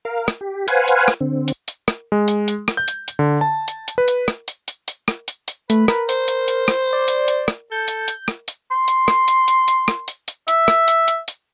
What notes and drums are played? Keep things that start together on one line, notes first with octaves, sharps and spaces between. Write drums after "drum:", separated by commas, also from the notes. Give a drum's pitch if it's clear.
A#4 F5
drum: rim click
G4
B4 C5 F5 F#5 G#5, drum: hi-hat
drum: hi-hat
drum: rim click
D3 C4
drum: hi-hat
drum: hi-hat
drum: rim click
G#3
drum: hi-hat
drum: hi-hat
drum: rim click
G6
drum: hi-hat
drum: hi-hat
D3
A5
drum: hi-hat
drum: hi-hat
B4
drum: hi-hat
drum: rim click
drum: hi-hat
drum: hi-hat
drum: hi-hat
drum: rim click
drum: hi-hat
drum: hi-hat
A3 B4, drum: hi-hat
A#4 B4, drum: rim click
C5, drum: hi-hat
drum: hi-hat
drum: hi-hat
drum: rim click
D5
drum: hi-hat
drum: hi-hat
drum: rim click
A4 G6
drum: hi-hat
drum: hi-hat
drum: rim click
drum: hi-hat
C6
drum: hi-hat
drum: rim click
drum: hi-hat
drum: hi-hat
drum: hi-hat
drum: rim click
drum: hi-hat
drum: hi-hat
E5, drum: hi-hat
drum: rim click
drum: hi-hat
drum: hi-hat
drum: hi-hat